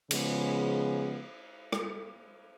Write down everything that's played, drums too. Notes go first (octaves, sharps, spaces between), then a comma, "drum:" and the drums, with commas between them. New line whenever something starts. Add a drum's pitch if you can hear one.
C#3 F3 G#3 B3, drum: cymbal
drum: rim click